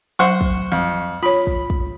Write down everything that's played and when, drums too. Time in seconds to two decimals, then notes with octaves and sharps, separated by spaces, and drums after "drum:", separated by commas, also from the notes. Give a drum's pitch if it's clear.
0.19 F#3 C5 F#5 C#6, drum: open hi-hat
0.41 drum: kick
0.72 F2
1.23 F4 C#5 B5
1.47 drum: kick
1.70 drum: kick